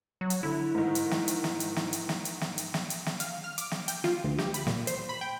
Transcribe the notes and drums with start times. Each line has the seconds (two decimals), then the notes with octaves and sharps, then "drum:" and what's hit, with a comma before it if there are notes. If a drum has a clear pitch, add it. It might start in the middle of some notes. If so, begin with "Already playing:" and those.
0.21 F#3
0.30 drum: hi-hat
0.43 D3 E4
0.75 G#2 D#3
0.95 drum: hi-hat
1.11 drum: snare
1.28 drum: hi-hat
1.44 drum: snare
1.60 drum: hi-hat
1.76 drum: snare
1.93 drum: hi-hat
2.09 drum: snare
2.25 drum: hi-hat
2.41 drum: snare
2.58 drum: hi-hat
2.74 drum: snare
2.90 drum: hi-hat
3.06 drum: snare
3.20 F5, drum: hi-hat
3.44 F6
3.58 D6, drum: hi-hat
3.71 drum: snare
3.88 G5, drum: hi-hat
4.04 F4, drum: snare
4.24 D2
4.38 G4, drum: snare
4.54 B5, drum: hi-hat
4.67 A#2, drum: snare
4.87 C5, drum: hi-hat
5.09 B5
5.21 G5